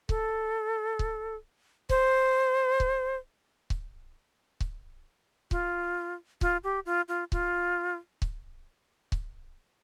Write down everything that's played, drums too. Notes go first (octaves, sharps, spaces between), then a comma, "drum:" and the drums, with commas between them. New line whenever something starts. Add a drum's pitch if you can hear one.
A4, drum: kick C#1
drum: kick C#1
C5, drum: kick C#1
drum: kick C#1
drum: kick C#1
drum: kick C#1
F4, drum: kick C#1
F4, drum: kick C#1
G4
F4
F4
F4, drum: kick C#1
drum: kick C#1
drum: kick C#1